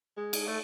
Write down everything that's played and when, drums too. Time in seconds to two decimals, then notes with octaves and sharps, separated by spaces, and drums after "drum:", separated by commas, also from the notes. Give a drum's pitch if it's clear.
0.17 G#3
0.33 drum: cymbal
0.47 A3